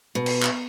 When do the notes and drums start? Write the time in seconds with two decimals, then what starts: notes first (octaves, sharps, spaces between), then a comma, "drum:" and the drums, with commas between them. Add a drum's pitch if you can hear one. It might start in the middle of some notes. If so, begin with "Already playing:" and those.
0.15 B2
0.26 drum: cymbal
0.43 drum: clap